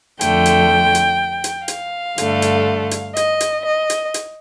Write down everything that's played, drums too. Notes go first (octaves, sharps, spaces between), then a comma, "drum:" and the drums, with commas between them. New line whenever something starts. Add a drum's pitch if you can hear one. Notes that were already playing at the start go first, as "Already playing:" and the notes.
F2 D3 A3 G5, drum: hi-hat
drum: hi-hat
drum: hi-hat
drum: hi-hat
F5, drum: hi-hat
G2 D3 A3, drum: hi-hat
drum: hi-hat
drum: hi-hat
D#5, drum: hi-hat
drum: hi-hat
D#5
drum: hi-hat
drum: hi-hat